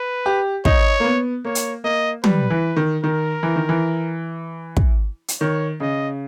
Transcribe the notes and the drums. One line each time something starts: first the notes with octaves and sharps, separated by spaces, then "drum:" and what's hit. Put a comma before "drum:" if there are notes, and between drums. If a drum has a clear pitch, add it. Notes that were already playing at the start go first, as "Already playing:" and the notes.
Already playing: B4
G4
D#4 C#5, drum: kick
A#3
B3
A#3 C#5
drum: hi-hat
A#3 D#5
G3 B4, drum: tom
E3
D#3
D#3 A#4
E3
D#3
E3
drum: kick
drum: hi-hat
D#3 C#5
C#3 D#5